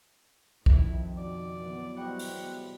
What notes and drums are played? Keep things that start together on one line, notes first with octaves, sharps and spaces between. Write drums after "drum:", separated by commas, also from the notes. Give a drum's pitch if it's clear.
F2 D#3 E4 A5, drum: kick B1
B2 D5
E3 F#3 B3
C3 G3 G#3 F#5 C#6
drum: open hi-hat